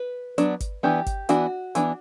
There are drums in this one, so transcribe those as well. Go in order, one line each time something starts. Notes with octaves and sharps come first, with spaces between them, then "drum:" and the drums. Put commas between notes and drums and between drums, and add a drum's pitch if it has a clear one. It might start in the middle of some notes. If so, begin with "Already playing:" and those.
Already playing: B4
F#3 B3 D4, drum: hi-hat
drum: kick G#1, hi-hat
E3 B3 D4 G4
drum: kick G#1, hi-hat
E3 B3 D4 F#4, drum: hi-hat
E3 B3 D4, drum: hi-hat